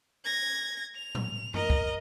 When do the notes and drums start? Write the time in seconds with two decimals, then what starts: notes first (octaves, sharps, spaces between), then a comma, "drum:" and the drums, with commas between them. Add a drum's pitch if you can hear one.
0.24 G#6 A#6
0.95 F7
1.15 drum: tom A2
1.54 A#4 D#5, drum: tom F#2
1.70 drum: kick